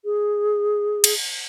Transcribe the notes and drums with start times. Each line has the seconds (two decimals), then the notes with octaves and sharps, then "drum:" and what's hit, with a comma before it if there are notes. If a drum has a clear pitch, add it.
0.05 G#4
1.04 drum: cymbal